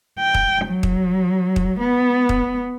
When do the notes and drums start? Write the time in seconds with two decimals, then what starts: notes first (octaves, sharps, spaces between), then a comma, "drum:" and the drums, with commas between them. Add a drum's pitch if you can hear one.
0.20 G5
0.34 drum: kick
0.67 F#3
0.83 drum: kick
1.56 drum: kick
1.81 B3
2.29 drum: kick